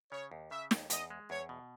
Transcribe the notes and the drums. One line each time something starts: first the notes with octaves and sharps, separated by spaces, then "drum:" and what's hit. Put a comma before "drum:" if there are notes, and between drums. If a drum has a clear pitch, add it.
C#3 C#5
D#2
C#3 E5
D#2, drum: snare
E2 D#5, drum: hi-hat
G#3
E2 C#5
B2